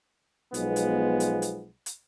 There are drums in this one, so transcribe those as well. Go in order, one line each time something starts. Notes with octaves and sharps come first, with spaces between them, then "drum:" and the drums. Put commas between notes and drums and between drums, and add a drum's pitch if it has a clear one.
B1 F3 G#3 B3, drum: hi-hat
drum: hi-hat
drum: hi-hat
drum: hi-hat
drum: hi-hat